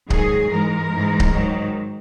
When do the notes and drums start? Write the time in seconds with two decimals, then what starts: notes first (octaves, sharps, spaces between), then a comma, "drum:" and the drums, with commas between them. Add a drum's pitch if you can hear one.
0.10 G#2 D#3 F#3 G#4, drum: kick C#1
0.51 G#2 E3 G#3 A#4
0.92 G#2 E3 G#3
1.20 drum: kick C#1
1.33 G#2 D#3 F#3